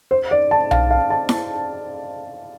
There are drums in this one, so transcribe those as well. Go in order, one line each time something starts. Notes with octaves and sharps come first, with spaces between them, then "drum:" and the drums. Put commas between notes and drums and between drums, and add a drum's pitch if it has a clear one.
C5
D5
A5
F5, drum: tom B1
F5
A5
drum: snare E4